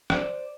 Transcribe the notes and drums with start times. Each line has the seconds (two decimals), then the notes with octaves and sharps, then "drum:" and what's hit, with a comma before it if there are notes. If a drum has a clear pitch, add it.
0.10 C5 D5, drum: rim click